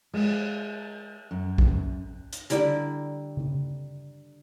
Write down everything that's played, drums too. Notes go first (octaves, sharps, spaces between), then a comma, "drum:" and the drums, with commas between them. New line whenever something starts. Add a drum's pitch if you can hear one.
G#3, drum: cymbal
F#2
drum: kick A1
drum: hi-hat
D3 G3 E4 A#4, drum: hi-hat
drum: tom C#3